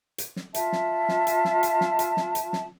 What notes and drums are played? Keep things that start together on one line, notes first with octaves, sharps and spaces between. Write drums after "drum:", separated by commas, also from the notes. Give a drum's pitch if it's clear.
drum: hi-hat
drum: snare
F4 E5 A5, drum: hi-hat
drum: snare
drum: snare
drum: hi-hat
drum: snare
drum: hi-hat
drum: snare
drum: hi-hat
drum: snare
drum: hi-hat
drum: snare